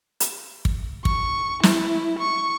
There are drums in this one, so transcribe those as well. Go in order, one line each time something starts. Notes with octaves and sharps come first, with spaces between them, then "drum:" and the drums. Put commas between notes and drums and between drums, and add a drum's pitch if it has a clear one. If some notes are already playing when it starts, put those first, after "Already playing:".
drum: hi-hat
drum: kick
C#6, drum: kick
E4, drum: snare
C#6